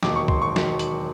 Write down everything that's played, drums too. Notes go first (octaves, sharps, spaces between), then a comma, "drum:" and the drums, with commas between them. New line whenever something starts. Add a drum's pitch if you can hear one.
E1 D#2 D#3 F#3 D6, drum: snare F#3
C#6
C6, drum: kick
C#6
D#3 F#3, drum: snare F#3
drum: hi-hat